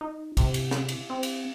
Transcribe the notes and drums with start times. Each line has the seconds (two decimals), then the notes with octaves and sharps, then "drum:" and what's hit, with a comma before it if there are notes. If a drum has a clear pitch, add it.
0.01 D#4
0.37 C3, drum: kick, cymbal
0.54 drum: cymbal
0.71 drum: snare
0.89 drum: cymbal
1.10 C4
1.23 drum: cymbal